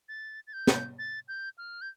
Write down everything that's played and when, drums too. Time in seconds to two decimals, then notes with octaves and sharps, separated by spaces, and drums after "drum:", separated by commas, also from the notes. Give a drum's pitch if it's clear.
0.08 A6
0.47 A6
0.53 G6
0.67 drum: snare
0.99 A6
1.28 G6
1.58 F6
1.81 G6